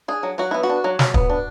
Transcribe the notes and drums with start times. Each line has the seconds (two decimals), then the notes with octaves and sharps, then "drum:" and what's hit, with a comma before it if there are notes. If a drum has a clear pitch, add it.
0.08 D4 G#4
0.23 F#3
0.38 F#3 F#4
0.51 B3 E4
0.63 F#4
0.69 D4
0.84 F#3
0.99 F#3, drum: snare
1.14 B3, drum: kick
1.30 D4